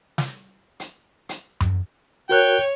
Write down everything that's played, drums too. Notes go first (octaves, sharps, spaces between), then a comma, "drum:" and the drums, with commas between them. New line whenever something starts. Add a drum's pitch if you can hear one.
drum: snare
drum: hi-hat
drum: hi-hat
drum: tom F#2
F#4 A#4 C#5 G5 F#6